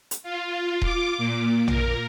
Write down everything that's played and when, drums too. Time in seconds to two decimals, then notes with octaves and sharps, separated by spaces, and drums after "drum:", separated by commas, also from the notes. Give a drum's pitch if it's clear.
0.11 drum: hi-hat
0.23 F4
0.82 D6, drum: kick D#1
1.18 A#2
1.68 A#4, drum: tom